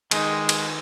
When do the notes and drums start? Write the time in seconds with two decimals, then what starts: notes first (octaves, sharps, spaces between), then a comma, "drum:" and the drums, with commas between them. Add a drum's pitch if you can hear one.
0.11 D#3 G#3 D#4, drum: cymbal
0.49 drum: cymbal